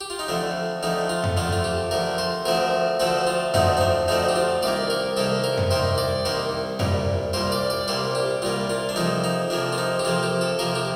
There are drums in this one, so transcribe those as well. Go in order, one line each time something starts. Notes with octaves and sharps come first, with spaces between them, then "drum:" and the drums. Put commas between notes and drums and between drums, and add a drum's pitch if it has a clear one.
G4
F4
D#4
F2 D3 A3 D4
F2 D3 A3 D#4
F4
drum: tom F2
F2 D3 A3 F4
F4
G4
F2 D3 A3 A#4
C5
D2 D3 F3 A3 C4 A#4
D2 D3 F3 A3 C4 A4
F4
D2 D3 F3 A3 C4 D#4, drum: tom F2
D#4
D4
D2 D3 F3 A3 C4 D#4
G4
F4
C2 C3 D#3 A#3 D5
A#4
C2 C3 D#3 A#3 A4
A#4
drum: tom F2
C2 C3 D#3 A#3 C5
D5
C2 C3 D#3 A#3 C5
C2 A#2 G3 A#3, drum: tom F2
C2 A#2 G3 A#3 C5
D5
D5
C2 A#2 G3 A#3 C5
G4
C2 A#2 G3 A#3 F4
F4
D4
F2 C3 F3 A#3 D#4
D#4
F2 C3 F3 A#3 D4
F4
D#4
G4
F2 C3 F3 A#3 F4
G4
A4
F2 C3 F3 A#3 A#4
G4